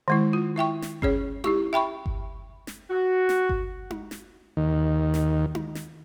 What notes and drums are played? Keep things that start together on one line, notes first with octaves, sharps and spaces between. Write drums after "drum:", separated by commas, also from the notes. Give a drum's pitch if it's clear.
D#3 G#3 E4
F4
E4 E5 G5 C#6
drum: snare
C#4 G#4 C#5, drum: kick G1
E4 G4 C#6, drum: tom D#4
E5 G5 B5 C#6
drum: kick G1
drum: snare
F#4
drum: snare
drum: kick G1
drum: tom D#4
drum: snare
D#2 D#3
drum: snare
drum: tom D#4
drum: snare